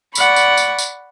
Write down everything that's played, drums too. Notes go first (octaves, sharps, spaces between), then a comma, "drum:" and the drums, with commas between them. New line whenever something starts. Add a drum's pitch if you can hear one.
D5 F#5 B5 C#6, drum: tambourine
drum: tambourine
drum: tambourine
drum: tambourine